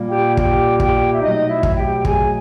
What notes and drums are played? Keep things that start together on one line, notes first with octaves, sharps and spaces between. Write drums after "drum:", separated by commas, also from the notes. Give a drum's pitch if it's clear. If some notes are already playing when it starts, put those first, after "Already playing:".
Already playing: A#2 G3 A#3
G4 G5
G4 G5, drum: kick
G4 G5, drum: kick
E5
B2 F#3 A3 D#4 D#5
E4 E5
drum: kick
G4 G5
G#4 G#5, drum: kick